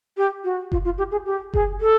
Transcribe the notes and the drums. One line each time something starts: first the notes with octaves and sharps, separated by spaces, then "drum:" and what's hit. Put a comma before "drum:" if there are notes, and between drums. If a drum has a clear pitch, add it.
G4
F#4
F4, drum: kick F#1
F4
G4
G#4
G4
G#4, drum: kick F#1
A4